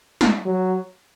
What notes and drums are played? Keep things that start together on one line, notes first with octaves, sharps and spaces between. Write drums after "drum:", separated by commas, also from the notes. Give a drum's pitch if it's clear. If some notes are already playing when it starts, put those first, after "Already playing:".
drum: snare
F#3